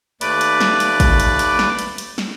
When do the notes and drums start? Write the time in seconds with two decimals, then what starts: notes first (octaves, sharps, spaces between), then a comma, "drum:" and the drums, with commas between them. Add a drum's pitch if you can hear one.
0.21 D#2 A3 B4 D5 B5 D6, drum: hi-hat
0.41 drum: hi-hat
0.61 drum: snare
0.80 drum: hi-hat
1.00 drum: kick, hi-hat
1.20 drum: hi-hat
1.39 drum: hi-hat
1.59 drum: snare
1.79 drum: hi-hat
1.98 drum: hi-hat
2.18 drum: snare